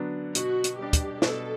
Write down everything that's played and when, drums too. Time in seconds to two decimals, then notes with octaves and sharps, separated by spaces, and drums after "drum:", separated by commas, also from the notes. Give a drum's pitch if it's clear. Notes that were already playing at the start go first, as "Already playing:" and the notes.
Already playing: D3 F#3 B3 D4
0.35 B2 F#4, drum: hi-hat
0.64 drum: hi-hat
0.79 G3 D4 G4
0.93 drum: kick, hi-hat
1.22 B2 A4, drum: snare